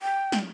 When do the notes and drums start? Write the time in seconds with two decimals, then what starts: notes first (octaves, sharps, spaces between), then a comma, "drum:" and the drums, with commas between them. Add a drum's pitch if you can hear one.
0.01 G5
0.32 drum: snare